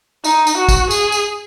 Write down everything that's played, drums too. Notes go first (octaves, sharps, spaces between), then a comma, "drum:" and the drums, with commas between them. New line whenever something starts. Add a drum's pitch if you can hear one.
D#4, drum: tambourine
drum: tambourine
F#4
drum: kick, tambourine
G#4, drum: tambourine
drum: tambourine